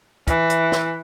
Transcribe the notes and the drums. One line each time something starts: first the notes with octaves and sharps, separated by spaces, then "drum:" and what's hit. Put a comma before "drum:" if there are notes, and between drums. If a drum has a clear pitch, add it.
E3, drum: kick, hi-hat
drum: hi-hat
drum: snare